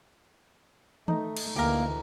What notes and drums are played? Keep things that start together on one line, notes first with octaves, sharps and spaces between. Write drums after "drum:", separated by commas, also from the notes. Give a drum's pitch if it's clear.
A3 D#4, drum: tom D#3
drum: cymbal
D2 E3 A#3 G4 A#4